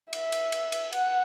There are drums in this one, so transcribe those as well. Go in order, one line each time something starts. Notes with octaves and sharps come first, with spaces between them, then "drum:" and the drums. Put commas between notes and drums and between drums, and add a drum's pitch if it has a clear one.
E5, drum: cymbal
drum: cymbal
drum: cymbal
drum: cymbal
F#5, drum: cymbal